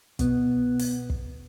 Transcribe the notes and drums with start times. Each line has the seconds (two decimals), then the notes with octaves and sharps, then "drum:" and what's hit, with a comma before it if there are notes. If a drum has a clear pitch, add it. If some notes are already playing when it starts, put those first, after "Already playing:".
0.19 B2 B3, drum: kick, hi-hat
0.79 drum: open hi-hat
1.10 drum: kick